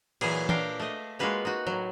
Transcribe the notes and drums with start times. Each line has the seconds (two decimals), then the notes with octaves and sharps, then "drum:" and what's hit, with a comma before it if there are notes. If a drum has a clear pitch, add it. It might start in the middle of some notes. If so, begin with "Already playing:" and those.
0.21 A#2 E3 F#3 G#4, drum: cymbal
0.49 D4 A#4 F5 G5, drum: tom E3
0.80 A3 D#5
1.19 G#3 A#3 F4 F#4 B4 C#5
1.45 D#4 F#4
1.67 A2 F#3